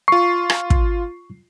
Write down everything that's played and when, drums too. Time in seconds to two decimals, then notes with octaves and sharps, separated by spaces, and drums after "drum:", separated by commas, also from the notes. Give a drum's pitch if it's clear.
0.08 F4 C#6 C7
0.50 drum: rim click
0.70 drum: kick